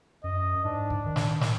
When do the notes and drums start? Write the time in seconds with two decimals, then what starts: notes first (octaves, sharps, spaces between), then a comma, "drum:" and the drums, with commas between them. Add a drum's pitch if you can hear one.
0.24 F#2 D#5
0.65 G#2 D4
0.90 drum: kick
1.06 D#3
1.16 drum: snare
1.41 drum: snare